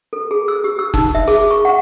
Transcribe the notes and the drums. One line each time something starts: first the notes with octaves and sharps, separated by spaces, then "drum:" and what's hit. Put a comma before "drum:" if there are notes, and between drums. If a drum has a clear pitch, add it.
A4
G#4
E6
G4
E6
D#4, drum: kick F#1
E5
G#4, drum: hi-hat
C#6
F#5